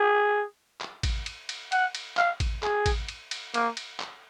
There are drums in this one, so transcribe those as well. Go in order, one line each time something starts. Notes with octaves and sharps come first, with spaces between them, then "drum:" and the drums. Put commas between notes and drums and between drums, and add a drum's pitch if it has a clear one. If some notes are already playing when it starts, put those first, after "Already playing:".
Already playing: G#4
drum: clap
drum: kick A1, cymbal
drum: cymbal
drum: cymbal
F#5, drum: cymbal
drum: cymbal
F5, drum: clap
drum: kick A1, cymbal
G#4, drum: clap
drum: kick A1, cymbal
drum: cymbal
drum: cymbal
A#3, drum: cymbal
drum: cymbal
drum: clap